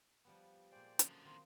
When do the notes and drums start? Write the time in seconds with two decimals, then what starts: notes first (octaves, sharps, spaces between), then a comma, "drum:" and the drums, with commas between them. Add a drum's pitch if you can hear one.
0.25 F3 G3 B3
0.72 A#2 G#3 C5 D5 G5
0.99 D3 F3 F#3 C#4 D#4, drum: hi-hat
1.25 D#3 C4 F4 A#5 C6